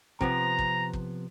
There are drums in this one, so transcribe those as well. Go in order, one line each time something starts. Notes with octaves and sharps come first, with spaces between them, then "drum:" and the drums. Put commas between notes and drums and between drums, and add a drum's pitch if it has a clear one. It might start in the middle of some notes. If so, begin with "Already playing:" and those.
C3 F3 B3 A#5, drum: kick
drum: kick
drum: kick